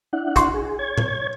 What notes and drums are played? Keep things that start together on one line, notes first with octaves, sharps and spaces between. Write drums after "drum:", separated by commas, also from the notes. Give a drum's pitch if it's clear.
D4 E4 F#5
F#4 C6, drum: kick, hi-hat
G#4
C#5 G#6
drum: tom A2